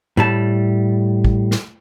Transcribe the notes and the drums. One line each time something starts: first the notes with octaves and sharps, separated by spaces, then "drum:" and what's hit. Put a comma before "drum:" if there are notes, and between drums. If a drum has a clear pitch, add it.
A2 G3 A5
drum: kick
drum: snare